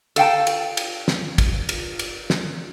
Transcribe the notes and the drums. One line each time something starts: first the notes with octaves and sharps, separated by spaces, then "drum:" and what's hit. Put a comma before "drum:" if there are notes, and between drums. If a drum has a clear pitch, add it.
A4 F5 G5 A5, drum: cymbal
drum: cymbal
drum: cymbal
drum: snare
drum: kick, cymbal
drum: cymbal
drum: cymbal
drum: snare